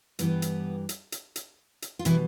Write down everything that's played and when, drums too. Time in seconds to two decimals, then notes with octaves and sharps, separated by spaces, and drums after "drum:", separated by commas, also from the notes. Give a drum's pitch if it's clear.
0.19 G2 E3 G3 B3, drum: hi-hat
0.42 drum: hi-hat
0.89 drum: hi-hat
1.12 drum: hi-hat
1.36 drum: hi-hat
1.82 drum: hi-hat
1.99 F4
2.05 B2 E3 G3 E4, drum: hi-hat